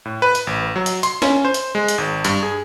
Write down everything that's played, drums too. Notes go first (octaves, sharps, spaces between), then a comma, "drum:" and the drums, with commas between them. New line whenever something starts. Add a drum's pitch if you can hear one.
A2
B4
drum: hi-hat
A1
F#3
drum: hi-hat
C6, drum: hi-hat
C#4, drum: snare
C5
drum: hi-hat
G#3
drum: hi-hat
G#1
G2, drum: hi-hat
G#4